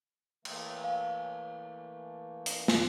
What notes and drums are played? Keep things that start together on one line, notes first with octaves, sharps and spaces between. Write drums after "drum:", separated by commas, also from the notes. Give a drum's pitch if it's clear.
E3 A3 A#3, drum: cymbal
F5
drum: hi-hat
drum: snare